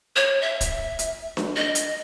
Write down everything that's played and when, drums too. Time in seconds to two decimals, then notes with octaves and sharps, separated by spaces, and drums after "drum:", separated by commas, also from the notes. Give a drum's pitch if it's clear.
0.16 C#5
0.42 E5
0.61 drum: kick, hi-hat
0.99 drum: hi-hat
1.37 drum: snare D4
1.56 D#5
1.75 drum: hi-hat